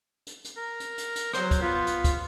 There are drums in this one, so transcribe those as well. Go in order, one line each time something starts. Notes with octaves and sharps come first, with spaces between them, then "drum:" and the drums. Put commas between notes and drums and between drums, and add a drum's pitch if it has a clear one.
drum: hi-hat
drum: hi-hat
A#4
drum: hi-hat
drum: hi-hat
drum: hi-hat
F#3 C5, drum: rim click
drum: kick, hi-hat
B3 F4
drum: hi-hat
drum: kick, hi-hat